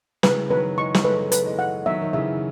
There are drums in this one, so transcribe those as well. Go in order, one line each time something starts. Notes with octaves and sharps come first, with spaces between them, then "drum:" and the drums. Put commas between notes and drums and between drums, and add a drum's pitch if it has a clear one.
C#3 E3 B4, drum: snare
D#3 F#3 B4
E3 G#3 C#6
G#3, drum: snare
F#3 A3 B4
B4, drum: hi-hat
E3 G#3
F#5
D#3 F#3 E5
D#3
C#3 E3 E5